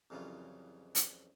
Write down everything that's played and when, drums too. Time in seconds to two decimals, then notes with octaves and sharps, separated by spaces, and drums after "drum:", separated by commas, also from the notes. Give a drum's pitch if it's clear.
0.10 C2 F2 C#3 E3 F#3 F4
0.95 drum: hi-hat